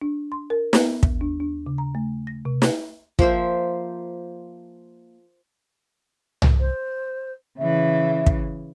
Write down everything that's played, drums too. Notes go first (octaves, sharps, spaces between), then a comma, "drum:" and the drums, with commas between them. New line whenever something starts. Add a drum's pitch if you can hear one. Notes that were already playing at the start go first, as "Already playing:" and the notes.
D4
C6
A#4
B3, drum: snare
D#2, drum: kick
D4
D4
C#3
A#5
A3
A#6
C3
drum: snare
F3 A#3 C5 E5, drum: kick
drum: tom C2
C5
C#3 E3 E5
drum: kick